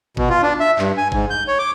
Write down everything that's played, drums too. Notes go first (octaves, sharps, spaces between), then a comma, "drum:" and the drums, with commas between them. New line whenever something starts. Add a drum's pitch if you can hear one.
B2, drum: kick G1
F4
D4
E5
G2, drum: clap
G#5
G#2, drum: kick G1
G6
C#5
D6